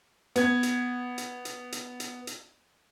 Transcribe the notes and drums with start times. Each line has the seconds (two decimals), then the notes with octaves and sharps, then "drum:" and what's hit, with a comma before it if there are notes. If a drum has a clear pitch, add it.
0.36 B3 G#6, drum: hi-hat
0.63 drum: hi-hat
1.18 drum: hi-hat
1.45 drum: hi-hat
1.72 drum: hi-hat
2.00 drum: hi-hat
2.27 drum: hi-hat